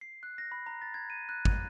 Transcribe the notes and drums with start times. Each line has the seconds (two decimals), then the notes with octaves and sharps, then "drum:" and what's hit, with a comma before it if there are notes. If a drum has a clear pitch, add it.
0.01 C7
0.23 F#6
0.38 A#6
0.52 B5
0.66 A#5
0.82 A6
0.94 G#6
1.10 D#7
1.29 F#6
1.45 F#6, drum: kick G#1